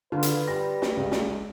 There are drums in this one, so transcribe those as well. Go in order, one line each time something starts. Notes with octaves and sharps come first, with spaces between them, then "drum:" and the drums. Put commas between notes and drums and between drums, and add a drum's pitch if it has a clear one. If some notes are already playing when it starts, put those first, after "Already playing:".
D3 F4 B4
drum: hi-hat
G3 A#6
drum: snare
C#2
drum: snare